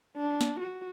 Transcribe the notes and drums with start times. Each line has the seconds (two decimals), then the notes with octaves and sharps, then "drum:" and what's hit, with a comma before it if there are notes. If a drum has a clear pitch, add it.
0.17 D4
0.41 drum: snare
0.60 F#4